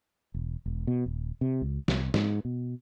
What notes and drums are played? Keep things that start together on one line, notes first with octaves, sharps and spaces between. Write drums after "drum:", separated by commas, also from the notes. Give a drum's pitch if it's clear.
E1
E1
B2
D#1
C3
C#2
C2, drum: snare
G#2, drum: snare
B2